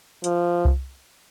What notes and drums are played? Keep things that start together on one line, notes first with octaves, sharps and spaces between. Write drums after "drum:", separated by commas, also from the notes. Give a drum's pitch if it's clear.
F3, drum: hi-hat
drum: kick C2